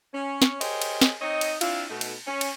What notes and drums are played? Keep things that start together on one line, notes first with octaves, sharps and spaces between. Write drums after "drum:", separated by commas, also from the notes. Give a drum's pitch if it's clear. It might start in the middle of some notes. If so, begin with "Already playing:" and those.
C#4
drum: snare
G4 G#4 A#4 C5 C#5 D#5, drum: cymbal
drum: cymbal
drum: snare
C4 D#4 C#5 D#5
drum: cymbal
C4 D4 E4 F4, drum: cymbal
B2 A3 D#4
drum: cymbal
C#4
drum: cymbal